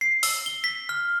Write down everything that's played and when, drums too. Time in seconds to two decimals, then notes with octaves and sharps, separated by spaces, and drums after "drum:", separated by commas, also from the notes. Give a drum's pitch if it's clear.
0.01 C7
0.23 E6, drum: open hi-hat
0.46 G7
0.64 B6
0.89 F6